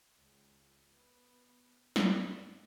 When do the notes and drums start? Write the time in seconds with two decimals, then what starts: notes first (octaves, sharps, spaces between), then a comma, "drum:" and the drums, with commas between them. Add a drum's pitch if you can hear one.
0.16 C#2
0.91 B3
1.96 G2, drum: snare